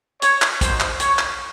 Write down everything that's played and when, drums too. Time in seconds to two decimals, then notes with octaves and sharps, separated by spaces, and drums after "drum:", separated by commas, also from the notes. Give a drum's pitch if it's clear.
0.22 C#5, drum: hi-hat
0.42 drum: clap
0.61 A#3 D#4 F#4 C5, drum: kick, hi-hat
0.80 drum: clap
1.00 C#5, drum: hi-hat
1.19 drum: clap